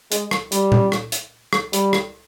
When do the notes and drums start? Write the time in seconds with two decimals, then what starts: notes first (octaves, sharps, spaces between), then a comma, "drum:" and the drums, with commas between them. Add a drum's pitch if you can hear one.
0.12 G#3, drum: hi-hat
0.31 drum: rim click
0.52 G3, drum: hi-hat
0.72 drum: tom A#2
0.92 drum: rim click
1.12 drum: hi-hat
1.53 drum: rim click
1.73 G3, drum: hi-hat
1.93 drum: rim click